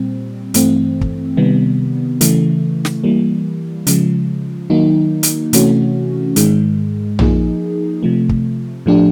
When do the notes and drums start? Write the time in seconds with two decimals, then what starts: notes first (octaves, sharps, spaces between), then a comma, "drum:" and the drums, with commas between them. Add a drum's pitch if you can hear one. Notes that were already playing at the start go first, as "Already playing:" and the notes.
Already playing: A#2 G3 C4
0.54 G2 E3 A3 C4, drum: hi-hat
1.01 drum: kick
1.37 C3 D#3 G3 B3
2.21 C#3 E3 A3, drum: hi-hat
2.85 drum: snare
3.03 E3 G3 A#3
3.87 C#3 F3 G#3, drum: hi-hat
4.70 D#3 F#3 A#3 D#4
5.23 drum: hi-hat
5.53 C3 E3 A3 C#4 F#4, drum: hi-hat
6.36 G#2 D#3 G#3, drum: hi-hat
7.19 F3 A#3 D#4 G#4, drum: tom A#1
8.03 C3 F3 A3
8.29 drum: kick
8.86 A2 F3 A3 D4 G4